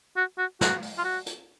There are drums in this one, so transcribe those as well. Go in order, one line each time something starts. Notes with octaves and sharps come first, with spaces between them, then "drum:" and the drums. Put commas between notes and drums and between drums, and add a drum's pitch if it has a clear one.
F#4
F#4
F#4, drum: snare
drum: open hi-hat
F4
F#4
drum: hi-hat